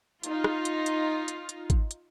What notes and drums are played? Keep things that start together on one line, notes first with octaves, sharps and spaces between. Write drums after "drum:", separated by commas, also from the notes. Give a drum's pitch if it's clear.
D#4 F4, drum: hi-hat
drum: rim click
drum: hi-hat
drum: hi-hat
drum: hi-hat
drum: hi-hat
drum: kick G#1, hi-hat
drum: hi-hat